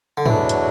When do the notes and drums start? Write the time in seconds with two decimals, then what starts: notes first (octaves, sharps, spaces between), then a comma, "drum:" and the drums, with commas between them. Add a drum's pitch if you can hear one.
0.17 D3
0.26 E2 B2 E3 F#3 A3 D4, drum: tom
0.49 drum: hi-hat